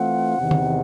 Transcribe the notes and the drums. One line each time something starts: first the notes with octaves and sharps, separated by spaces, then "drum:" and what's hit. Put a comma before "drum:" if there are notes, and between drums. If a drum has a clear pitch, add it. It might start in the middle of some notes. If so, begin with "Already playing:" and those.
Already playing: E3 A3 C4 F4 F#5
E2 C3 D#3
drum: tom